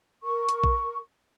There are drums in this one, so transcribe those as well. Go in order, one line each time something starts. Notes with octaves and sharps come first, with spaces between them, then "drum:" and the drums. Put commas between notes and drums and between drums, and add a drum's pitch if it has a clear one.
A#4 C#6
drum: hi-hat
drum: kick A#1